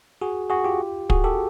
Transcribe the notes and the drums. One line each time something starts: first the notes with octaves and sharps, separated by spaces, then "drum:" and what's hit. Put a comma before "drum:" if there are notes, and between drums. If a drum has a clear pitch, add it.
F#4 G#4
F#4 G#4
F4 G4
F#4 G#4, drum: kick
G4 A4